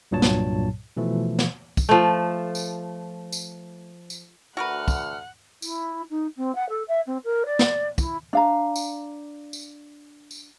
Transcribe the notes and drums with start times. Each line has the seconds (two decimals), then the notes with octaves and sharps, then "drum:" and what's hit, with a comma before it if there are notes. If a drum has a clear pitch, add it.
0.11 C2 G2 A#2 F#3 C#5 A5
0.22 drum: snare
0.97 B2 E3 F3 A3
1.39 drum: snare
1.77 drum: kick, tambourine
1.89 F3 A3
2.55 drum: tambourine
3.32 drum: tambourine
4.10 drum: tambourine
4.57 D2 F#4 A#4 B4 F#5 F6
4.88 drum: kick, tambourine
5.62 E4, drum: tambourine
6.10 D#4
6.37 C4
6.55 F#5
6.69 A4
6.88 E5
7.07 C4
7.24 A#4
7.46 D5
7.59 drum: snare
7.98 E4, drum: kick, tambourine
8.33 D4 F5 A#5
8.76 drum: tambourine
9.53 drum: tambourine
10.31 drum: tambourine